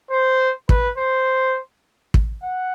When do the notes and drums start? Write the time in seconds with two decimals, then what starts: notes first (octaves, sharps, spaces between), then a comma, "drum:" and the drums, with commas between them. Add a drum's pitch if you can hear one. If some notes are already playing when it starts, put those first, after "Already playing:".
0.11 C5
0.69 B4, drum: kick
0.98 C5
2.14 drum: kick
2.43 F#5